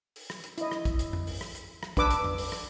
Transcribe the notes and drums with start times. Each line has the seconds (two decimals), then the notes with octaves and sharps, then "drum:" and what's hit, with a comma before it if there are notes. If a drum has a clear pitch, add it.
0.16 drum: open hi-hat
0.30 drum: rim click
0.44 drum: hi-hat
0.58 E4 D#5, drum: hi-hat
0.71 drum: rim click
0.85 drum: kick A#1, hi-hat
0.99 drum: hi-hat
1.13 drum: tom F2
1.27 drum: open hi-hat
1.41 drum: rim click
1.55 drum: hi-hat
1.83 drum: rim click
1.97 D4 B4 D6 E6, drum: kick A#1, hi-hat
2.10 drum: hi-hat
2.24 drum: tom F2
2.38 drum: open hi-hat
2.52 drum: rim click